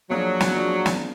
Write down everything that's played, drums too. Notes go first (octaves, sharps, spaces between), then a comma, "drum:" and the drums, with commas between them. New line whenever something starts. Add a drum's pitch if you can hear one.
F3 F#3 A#3 D4 G#4
drum: snare
F3 A#3 D4 G#4
drum: snare